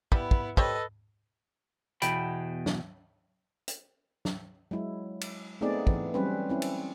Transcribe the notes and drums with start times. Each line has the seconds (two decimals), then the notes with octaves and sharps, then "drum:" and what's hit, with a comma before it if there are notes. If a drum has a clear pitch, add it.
0.12 G3 B3 E4, drum: kick
0.31 drum: kick
0.57 G3 C4 A4 B4 C#5 D#5, drum: kick
2.02 E2 B2 G5 B5, drum: hi-hat
2.66 drum: snare
3.68 drum: hi-hat
4.25 drum: snare
4.71 F#3 G#3 E4
5.21 drum: cymbal
5.61 A3 B3 C4 D#4 G#4 D5
5.87 E3, drum: kick
6.14 F#3 G3 C4 C#4 B4
6.49 C4 C#4 E4
6.62 drum: cymbal